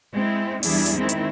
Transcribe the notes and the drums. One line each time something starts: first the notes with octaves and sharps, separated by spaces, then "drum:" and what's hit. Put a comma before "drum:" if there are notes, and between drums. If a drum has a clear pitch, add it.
G#3 C4 E4
E2 E3 G3 D4 E4 G#4, drum: open hi-hat
drum: hi-hat
D#3 G#3 C4 E4
drum: hi-hat